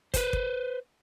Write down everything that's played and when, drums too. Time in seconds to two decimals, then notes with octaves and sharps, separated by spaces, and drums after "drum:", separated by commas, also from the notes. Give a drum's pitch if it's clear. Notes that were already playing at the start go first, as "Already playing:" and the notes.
0.14 B4 C5, drum: kick, hi-hat
0.33 drum: kick